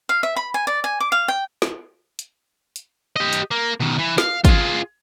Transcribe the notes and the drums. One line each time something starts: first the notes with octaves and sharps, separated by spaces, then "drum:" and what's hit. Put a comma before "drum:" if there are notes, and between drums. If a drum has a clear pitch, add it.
F5
E5
B5
G#5
D5
G#5
D6
F5
G5
drum: snare
drum: hi-hat
drum: hi-hat
G4 D#5
drum: hi-hat
A#3
B2 D#3
E3
F5, drum: snare
F4 G#4, drum: kick, hi-hat